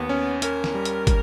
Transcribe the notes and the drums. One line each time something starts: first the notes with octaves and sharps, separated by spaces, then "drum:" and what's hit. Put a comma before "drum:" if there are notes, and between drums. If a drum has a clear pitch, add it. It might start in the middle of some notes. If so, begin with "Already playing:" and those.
Already playing: D#2 B3
C#4
C#4 A#4, drum: hi-hat
drum: snare
G3
drum: hi-hat
drum: kick, hi-hat